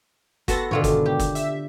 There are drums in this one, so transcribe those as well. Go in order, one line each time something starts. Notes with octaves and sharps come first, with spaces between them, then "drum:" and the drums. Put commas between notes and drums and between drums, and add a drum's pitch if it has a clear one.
B3 F#4 A4 A5 C6 A#6, drum: kick, hi-hat
G#2 B2 D3 D#3 F4 C#5
drum: kick, hi-hat
G4
drum: kick, hi-hat
E5, drum: hi-hat